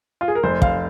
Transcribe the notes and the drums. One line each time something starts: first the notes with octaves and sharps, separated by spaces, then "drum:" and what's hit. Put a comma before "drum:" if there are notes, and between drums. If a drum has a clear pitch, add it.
F4
G#4
A#4
F1 C5
F5, drum: kick